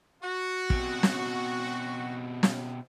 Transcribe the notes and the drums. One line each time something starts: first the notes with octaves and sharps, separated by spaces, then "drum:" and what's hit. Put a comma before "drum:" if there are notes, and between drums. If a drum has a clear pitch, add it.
F#4
B2 C4, drum: kick
drum: snare
drum: snare